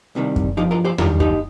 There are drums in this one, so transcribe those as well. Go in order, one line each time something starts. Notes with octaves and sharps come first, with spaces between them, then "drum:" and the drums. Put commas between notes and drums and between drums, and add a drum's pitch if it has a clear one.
C2 C3 D#3 G3
drum: kick F#2
G2 F3 D#4 G4
F4 A#4
G4 C5
G2 D#3 G3 F4 A#4, drum: tom E2
D#4 G4, drum: kick F#2